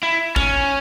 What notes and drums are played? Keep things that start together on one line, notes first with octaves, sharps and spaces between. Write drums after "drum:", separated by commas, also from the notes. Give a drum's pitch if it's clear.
E4
C#4, drum: kick